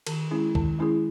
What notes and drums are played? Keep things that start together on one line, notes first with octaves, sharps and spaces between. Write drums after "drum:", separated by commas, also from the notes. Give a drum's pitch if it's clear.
D#3, drum: cymbal
G#3 C#4 E4 G#4
D#3, drum: kick C2
G#3 C#4 E4 G#4